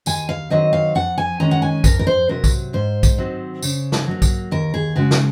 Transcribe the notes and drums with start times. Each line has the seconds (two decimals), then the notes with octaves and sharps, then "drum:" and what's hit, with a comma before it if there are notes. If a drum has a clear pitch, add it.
0.06 D#2 G#5, drum: tambourine
0.29 F5
0.50 D#3 F#3 C4 D#5
0.73 F5
0.95 F2 F#5
1.18 G#5
1.40 D#3 G#3 C#4 A#5
1.51 F#5
1.62 G#5
1.84 F2 A#4, drum: kick, tambourine
1.99 A#4
2.07 C5
2.28 C3 F#3 A#4
2.44 drum: kick, tambourine
2.73 G#2 C5
3.03 drum: kick, tambourine
3.18 D#3 F#3 C4
3.63 C#3, drum: tambourine
3.92 drum: snare
4.07 F#3 A#3
4.22 drum: kick, tambourine
4.51 D#2 A#4
4.74 G#4
4.96 C#3 G#3 F#4
5.11 drum: snare